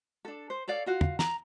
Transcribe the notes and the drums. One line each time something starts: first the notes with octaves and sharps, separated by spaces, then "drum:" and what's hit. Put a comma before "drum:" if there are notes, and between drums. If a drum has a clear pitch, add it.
D4 A4
C5
A4 C#5 D5 F5
F4 F#4 F5
drum: tom
A#5, drum: snare